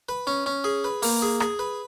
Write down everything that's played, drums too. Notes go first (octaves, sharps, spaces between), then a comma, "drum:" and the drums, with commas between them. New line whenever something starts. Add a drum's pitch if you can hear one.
B4
C#4
C#4
G#4
B4
A#3, drum: open hi-hat
G#4
G#4, drum: rim click
B4